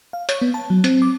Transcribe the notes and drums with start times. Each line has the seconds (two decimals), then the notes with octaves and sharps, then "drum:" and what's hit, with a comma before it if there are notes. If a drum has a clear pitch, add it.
0.13 F5
0.29 C#5, drum: hi-hat
0.41 B3
0.54 A5
0.70 F#3
0.84 C4, drum: hi-hat
1.02 D6